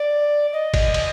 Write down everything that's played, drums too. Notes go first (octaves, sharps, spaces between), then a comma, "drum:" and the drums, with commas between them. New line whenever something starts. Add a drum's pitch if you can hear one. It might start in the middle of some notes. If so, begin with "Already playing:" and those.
Already playing: D5
D#5
drum: kick F#1, cymbal
drum: cymbal